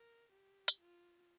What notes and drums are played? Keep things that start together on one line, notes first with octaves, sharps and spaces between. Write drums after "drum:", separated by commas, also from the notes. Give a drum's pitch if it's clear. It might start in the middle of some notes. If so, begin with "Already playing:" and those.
Already playing: A#4
G4
drum: hi-hat
F4